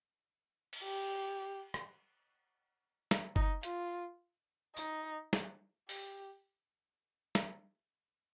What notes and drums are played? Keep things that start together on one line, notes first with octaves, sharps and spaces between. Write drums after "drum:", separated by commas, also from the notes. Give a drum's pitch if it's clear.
drum: cymbal
G4
drum: rim click
drum: snare
D#4, drum: kick F#1
F4, drum: hi-hat
D#4, drum: tambourine
drum: snare
G4, drum: open hi-hat
drum: snare